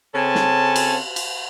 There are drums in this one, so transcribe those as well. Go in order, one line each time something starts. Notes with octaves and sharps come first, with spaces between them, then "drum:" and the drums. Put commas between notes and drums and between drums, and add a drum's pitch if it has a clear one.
C#3 C4 C#4 A4 G#5 A5
drum: snare
drum: cymbal
drum: cymbal